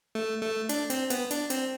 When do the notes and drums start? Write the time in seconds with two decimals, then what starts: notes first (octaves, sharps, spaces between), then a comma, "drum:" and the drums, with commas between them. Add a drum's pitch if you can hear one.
0.15 A3
0.42 A3
0.69 D4, drum: hi-hat
0.90 C4, drum: hi-hat
1.10 B3, drum: hi-hat
1.31 D4, drum: hi-hat
1.50 C4, drum: hi-hat